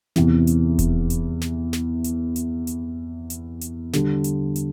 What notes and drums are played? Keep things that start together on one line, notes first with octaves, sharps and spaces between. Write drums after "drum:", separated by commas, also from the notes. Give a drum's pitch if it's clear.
E2 C3 E3, drum: snare
drum: hi-hat
drum: kick D#1, hi-hat
drum: hi-hat
drum: snare
drum: snare
drum: hi-hat
drum: hi-hat
drum: hi-hat
drum: hi-hat
drum: hi-hat
D3 G3 D4, drum: snare
drum: hi-hat
drum: hi-hat